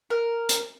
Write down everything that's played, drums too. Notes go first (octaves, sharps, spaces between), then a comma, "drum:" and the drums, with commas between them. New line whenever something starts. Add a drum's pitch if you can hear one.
A#4
drum: hi-hat